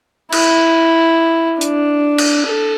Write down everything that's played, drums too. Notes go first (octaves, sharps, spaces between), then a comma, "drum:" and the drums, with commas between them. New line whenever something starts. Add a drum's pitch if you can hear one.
E4, drum: cymbal
D4, drum: hi-hat
drum: cymbal
A4